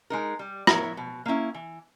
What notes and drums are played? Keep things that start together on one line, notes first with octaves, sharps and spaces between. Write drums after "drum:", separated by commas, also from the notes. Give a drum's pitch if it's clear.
G#3 D#4 A#4
G3
B3 E4 A#4 C#5, drum: rim click
B2
A#3 C#4 E4
E3